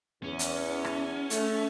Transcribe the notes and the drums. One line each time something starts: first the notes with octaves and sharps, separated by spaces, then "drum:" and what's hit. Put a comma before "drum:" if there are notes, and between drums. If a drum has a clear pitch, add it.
E2 C#4
drum: hi-hat
drum: rim click
A3, drum: hi-hat